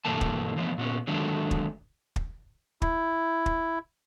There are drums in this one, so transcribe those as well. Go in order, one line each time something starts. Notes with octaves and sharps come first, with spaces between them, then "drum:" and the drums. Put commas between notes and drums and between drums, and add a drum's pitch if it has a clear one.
G2 B2 E3 A3 A#3 A5
drum: kick
E3 F3 A3 B3
A#2 B3 C#4
D3 D#3 F#3 G#3 A3 D4
drum: kick
drum: kick
E4, drum: kick
drum: kick